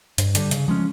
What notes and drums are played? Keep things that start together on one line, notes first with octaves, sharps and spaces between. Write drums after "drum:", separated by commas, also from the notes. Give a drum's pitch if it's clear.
G2, drum: hi-hat
D3 G3, drum: hi-hat
C#3, drum: hi-hat
F3 G#3 C#4